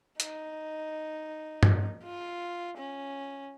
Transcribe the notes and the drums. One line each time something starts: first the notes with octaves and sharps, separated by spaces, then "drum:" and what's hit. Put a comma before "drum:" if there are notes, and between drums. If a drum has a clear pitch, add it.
D#4, drum: hi-hat
drum: tom G2
F4
C#4